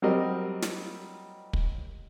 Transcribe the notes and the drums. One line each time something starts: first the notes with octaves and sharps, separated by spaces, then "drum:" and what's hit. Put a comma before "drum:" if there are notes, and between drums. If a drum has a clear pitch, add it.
F#3 G3 C4 A#4 D#5
drum: snare
drum: kick